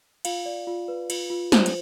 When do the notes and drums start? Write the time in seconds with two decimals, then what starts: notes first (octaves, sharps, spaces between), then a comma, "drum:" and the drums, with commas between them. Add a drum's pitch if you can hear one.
0.25 F4 F5, drum: cymbal
0.46 D5
0.67 F4
0.88 B4
1.10 F4, drum: cymbal
1.30 F4
1.52 C5, drum: snare
1.66 drum: cymbal